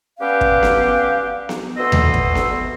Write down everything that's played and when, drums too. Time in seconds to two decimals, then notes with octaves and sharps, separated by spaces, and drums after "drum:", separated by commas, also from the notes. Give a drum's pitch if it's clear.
0.19 G3 B3 C#4 G4 B4 F5
0.41 drum: kick
0.63 drum: snare B3
1.49 drum: snare B3
1.77 D2 B2 D#5 C6 E6
1.92 drum: tom D#2
2.14 drum: kick
2.35 drum: snare B3